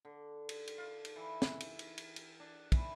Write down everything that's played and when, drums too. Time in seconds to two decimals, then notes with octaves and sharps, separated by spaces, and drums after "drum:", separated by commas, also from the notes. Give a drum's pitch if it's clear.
0.05 D3
0.49 drum: cymbal
0.67 drum: cymbal
0.78 F4
1.05 drum: cymbal
1.16 E3
1.42 drum: snare
1.60 drum: cymbal
1.79 drum: cymbal
1.98 drum: cymbal
2.16 drum: cymbal
2.40 D4
2.72 E3, drum: kick, cymbal